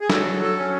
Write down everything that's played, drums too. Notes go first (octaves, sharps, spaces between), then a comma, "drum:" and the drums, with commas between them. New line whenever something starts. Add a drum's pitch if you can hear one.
G#4
F#3 A4, drum: snare
A4
C#4